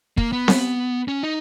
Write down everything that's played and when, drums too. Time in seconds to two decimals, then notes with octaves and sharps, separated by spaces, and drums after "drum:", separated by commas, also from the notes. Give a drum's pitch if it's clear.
0.18 A#3, drum: kick
0.33 B3
0.48 drum: snare C4
1.08 C#4
1.23 D#4